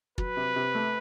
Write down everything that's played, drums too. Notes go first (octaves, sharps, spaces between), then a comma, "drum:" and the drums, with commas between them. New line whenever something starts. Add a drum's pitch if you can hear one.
F#3 B4, drum: kick
C3
C3
A3